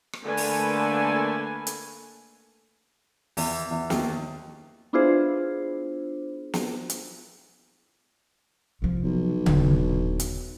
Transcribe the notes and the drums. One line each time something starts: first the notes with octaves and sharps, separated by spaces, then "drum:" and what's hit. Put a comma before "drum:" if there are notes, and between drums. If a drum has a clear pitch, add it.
drum: rim click
D3 A3 A#3 A4 B4 G#5
drum: open hi-hat
drum: hi-hat
E2, drum: open hi-hat
E2
D#2, drum: snare
B3 D4 E4 F4 G#4 C5
drum: snare
drum: hi-hat
C3 F3
B1
D#1 D3, drum: tom C#3
drum: hi-hat